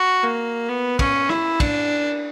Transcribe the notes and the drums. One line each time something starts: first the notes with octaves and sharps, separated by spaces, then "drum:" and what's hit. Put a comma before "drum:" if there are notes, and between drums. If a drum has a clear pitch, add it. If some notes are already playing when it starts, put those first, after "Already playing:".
Already playing: F#4
A#3
B3
C#4, drum: kick, cymbal
E4, drum: rim click
D4, drum: kick, cymbal